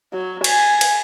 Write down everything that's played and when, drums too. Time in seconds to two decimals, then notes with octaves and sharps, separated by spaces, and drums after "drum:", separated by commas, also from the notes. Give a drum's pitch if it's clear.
0.13 F#3
0.44 G#5, drum: cymbal
0.81 drum: cymbal